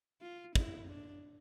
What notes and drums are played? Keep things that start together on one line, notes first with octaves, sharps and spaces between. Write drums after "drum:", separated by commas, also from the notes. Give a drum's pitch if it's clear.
F4
E4, drum: kick
D4